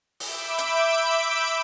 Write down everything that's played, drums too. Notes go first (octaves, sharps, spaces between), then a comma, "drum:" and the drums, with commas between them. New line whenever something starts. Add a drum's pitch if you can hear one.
E5 B5 D6 E6 G6 D7, drum: open hi-hat
drum: hi-hat